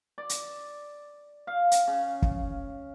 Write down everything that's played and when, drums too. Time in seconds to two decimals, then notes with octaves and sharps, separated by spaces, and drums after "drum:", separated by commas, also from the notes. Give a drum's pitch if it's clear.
0.18 D5
0.29 drum: hi-hat
1.47 F5
1.71 drum: hi-hat
1.87 C#3
2.22 drum: kick